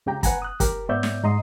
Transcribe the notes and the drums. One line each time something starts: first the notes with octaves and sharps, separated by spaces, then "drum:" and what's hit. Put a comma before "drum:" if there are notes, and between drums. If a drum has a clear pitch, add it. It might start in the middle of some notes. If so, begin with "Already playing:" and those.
C#2 C#3 G4 G5 A#5
B4 F#5 G#5 A#5, drum: kick, hi-hat
D#6 F#6
G4 A#4, drum: kick, hi-hat
G#2 B3 C#5 D5 E5 G6
drum: snare
G#2 D#4 D#5 A#5 C6 D#6